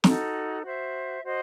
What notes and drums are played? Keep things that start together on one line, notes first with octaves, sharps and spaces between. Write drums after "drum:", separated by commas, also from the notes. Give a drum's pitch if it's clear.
D#4 F#4 A4, drum: snare
F#4 C5 E5
F#4 C5 D#5